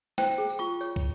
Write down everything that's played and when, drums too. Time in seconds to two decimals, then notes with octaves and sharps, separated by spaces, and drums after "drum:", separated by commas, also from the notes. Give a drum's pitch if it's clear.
0.18 C5 G5, drum: snare
0.38 G#4
0.49 drum: tambourine
0.59 F4 C#6
0.81 C#5, drum: tambourine
0.96 drum: kick, tambourine